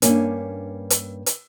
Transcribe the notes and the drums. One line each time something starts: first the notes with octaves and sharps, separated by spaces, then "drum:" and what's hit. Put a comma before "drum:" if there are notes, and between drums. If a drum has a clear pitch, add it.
G2 A#3 C#4, drum: hi-hat
drum: hi-hat
drum: hi-hat